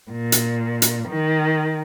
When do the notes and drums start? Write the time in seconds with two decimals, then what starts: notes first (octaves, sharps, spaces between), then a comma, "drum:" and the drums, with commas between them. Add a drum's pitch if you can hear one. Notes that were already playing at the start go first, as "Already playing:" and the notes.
0.10 A#2
0.32 drum: hi-hat
0.82 drum: hi-hat
1.07 D#3